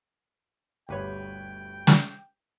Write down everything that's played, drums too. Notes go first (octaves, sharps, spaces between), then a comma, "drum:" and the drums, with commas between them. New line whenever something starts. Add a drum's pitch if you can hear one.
G1 D2 G4 B4 C#5 G5
drum: snare